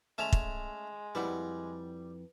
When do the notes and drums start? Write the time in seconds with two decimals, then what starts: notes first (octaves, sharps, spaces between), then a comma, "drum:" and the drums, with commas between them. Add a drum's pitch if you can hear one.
0.18 G#3 A3 C#4 E7 F7
0.33 drum: kick
1.15 F2 G3 E4 B4 F#5